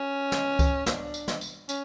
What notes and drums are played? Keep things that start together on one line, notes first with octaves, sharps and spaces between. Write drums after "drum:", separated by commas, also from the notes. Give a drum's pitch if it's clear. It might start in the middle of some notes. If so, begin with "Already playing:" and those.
Already playing: C#4
drum: snare
drum: kick C#2, tambourine
D4, drum: snare
drum: tambourine
drum: snare
drum: tambourine
C#4, drum: tambourine